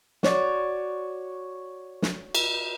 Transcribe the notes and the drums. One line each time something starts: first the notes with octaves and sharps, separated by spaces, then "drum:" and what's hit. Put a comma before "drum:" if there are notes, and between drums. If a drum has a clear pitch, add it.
F#4 C#5 D5, drum: snare
drum: snare
drum: cymbal